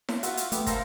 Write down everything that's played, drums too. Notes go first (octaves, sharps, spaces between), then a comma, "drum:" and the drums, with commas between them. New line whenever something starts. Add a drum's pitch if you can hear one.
drum: snare E4
F4 F#4 E5, drum: hi-hat
drum: hi-hat
A3 B3 G4, drum: hi-hat
A4 A#4 C5 F5 A#6, drum: kick, hi-hat